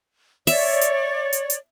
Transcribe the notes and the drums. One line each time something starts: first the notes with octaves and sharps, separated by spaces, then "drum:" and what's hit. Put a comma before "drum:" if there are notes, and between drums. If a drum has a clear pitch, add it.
C#5 D5 E5, drum: open hi-hat
drum: hi-hat
drum: hi-hat
drum: hi-hat